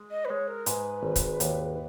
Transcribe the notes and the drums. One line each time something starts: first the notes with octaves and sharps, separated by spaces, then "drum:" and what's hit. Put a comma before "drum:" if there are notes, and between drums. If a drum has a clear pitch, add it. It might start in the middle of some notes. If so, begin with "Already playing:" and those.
Already playing: G#3
D#5
B4
G#3 C#5
A#4
G#2 B4, drum: hi-hat
G#1
drum: kick C#1, hi-hat
D#2, drum: hi-hat